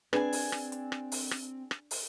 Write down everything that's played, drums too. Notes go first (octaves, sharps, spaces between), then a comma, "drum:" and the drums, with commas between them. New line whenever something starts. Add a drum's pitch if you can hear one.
C4 D4 G#4 B4 G#5, drum: rim click
drum: open hi-hat
drum: rim click
drum: hi-hat
drum: rim click
drum: open hi-hat
drum: rim click
drum: rim click
drum: open hi-hat